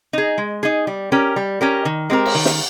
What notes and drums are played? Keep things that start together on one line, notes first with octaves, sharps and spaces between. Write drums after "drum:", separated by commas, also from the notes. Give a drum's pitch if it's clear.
D#4 G#4
G#3
D#4 G#4
G3
C#4 G4 A#4
G3
C#4 G4 A#4
D#3
G#3 C4 G4 A#4
drum: cymbal
D#3
drum: snare